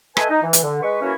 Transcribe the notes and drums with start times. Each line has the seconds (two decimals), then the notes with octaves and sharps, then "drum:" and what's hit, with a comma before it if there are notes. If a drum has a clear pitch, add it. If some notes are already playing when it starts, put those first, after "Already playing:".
0.17 A3 A4 B4 D#5 G#5, drum: rim click
0.29 D#4
0.42 E3
0.53 drum: hi-hat
0.63 D3
0.82 G#3 B4 C#6
1.01 E3 A#3 C#4 E4 F#4 C#5